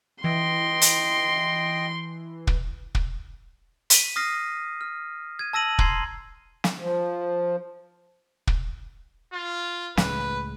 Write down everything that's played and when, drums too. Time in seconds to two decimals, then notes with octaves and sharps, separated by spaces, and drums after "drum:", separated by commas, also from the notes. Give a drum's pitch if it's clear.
0.24 E3 D#5 G5 C6
0.82 drum: hi-hat
2.47 drum: kick
2.95 drum: kick
3.90 B6 D#7, drum: hi-hat
4.16 D#6 F6 A#6 C7
4.81 F6
5.39 G#6 D#7
5.53 A5 E6 A#6 D#7 F#7
5.79 A#5 C6 G#6 C7, drum: kick
6.64 drum: snare
6.80 F3
8.47 drum: kick
9.33 F4
9.97 C#2 A2 G#3 B4, drum: snare